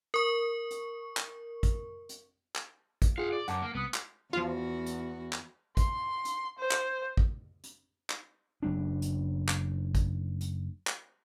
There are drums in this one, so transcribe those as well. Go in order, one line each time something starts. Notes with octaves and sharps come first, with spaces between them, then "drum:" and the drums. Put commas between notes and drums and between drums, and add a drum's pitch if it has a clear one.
A#4 C#6
drum: hi-hat
drum: clap
drum: kick, hi-hat
drum: hi-hat
drum: clap
drum: kick, hi-hat
F4 G#4 F5 F#5
D5
F#2 F#5 A5 D6, drum: hi-hat
A#3
C2 B3 D#6
drum: clap
E2 F3 F4 F#4
drum: hi-hat
drum: clap
C6, drum: kick, hi-hat
drum: hi-hat
C5
drum: clap
drum: kick
drum: hi-hat
drum: clap
F#1 F#3 D4
drum: hi-hat
drum: clap
drum: kick, hi-hat
drum: hi-hat
drum: clap